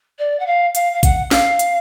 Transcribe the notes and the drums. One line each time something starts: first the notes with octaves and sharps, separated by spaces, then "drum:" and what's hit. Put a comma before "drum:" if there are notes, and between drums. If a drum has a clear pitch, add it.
D5
F#5
F5
F5, drum: hi-hat
F5
F#5, drum: kick A#1, hi-hat
F5, drum: snare
drum: hi-hat